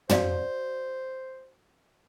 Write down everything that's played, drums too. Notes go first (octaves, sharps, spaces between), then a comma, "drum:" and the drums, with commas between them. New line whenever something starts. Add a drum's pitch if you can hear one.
F#4 C5 D5 F5, drum: tom